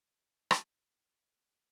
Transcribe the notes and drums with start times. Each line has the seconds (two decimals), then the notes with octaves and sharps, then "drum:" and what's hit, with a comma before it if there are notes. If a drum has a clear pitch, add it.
0.12 G#3 E4
0.51 drum: rim click